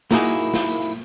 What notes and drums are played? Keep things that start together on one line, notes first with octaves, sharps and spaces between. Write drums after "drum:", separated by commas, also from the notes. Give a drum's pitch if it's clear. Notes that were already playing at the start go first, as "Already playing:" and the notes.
A#3 D#4 E4 F#4 G#4, drum: snare
drum: tambourine
drum: tambourine
drum: snare
drum: tambourine
drum: tambourine